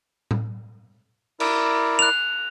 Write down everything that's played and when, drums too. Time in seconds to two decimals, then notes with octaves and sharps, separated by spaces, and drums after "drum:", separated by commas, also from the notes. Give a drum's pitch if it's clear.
0.31 drum: tom A2
1.40 E4 A#4 D5, drum: cymbal
1.99 F#6 F7